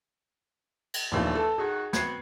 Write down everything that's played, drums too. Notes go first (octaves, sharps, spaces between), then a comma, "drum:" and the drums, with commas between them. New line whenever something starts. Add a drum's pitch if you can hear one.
drum: cymbal
A#1 D#2 E3 F3 A3
A4
D#3 F#4 G#4
B3 C4 F#4 G#6 C7, drum: snare